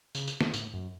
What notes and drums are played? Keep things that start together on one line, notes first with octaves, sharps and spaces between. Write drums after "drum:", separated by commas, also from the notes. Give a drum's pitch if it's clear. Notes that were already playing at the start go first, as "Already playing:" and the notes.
C#3, drum: tambourine
drum: tambourine
drum: snare
A2, drum: tambourine
F#2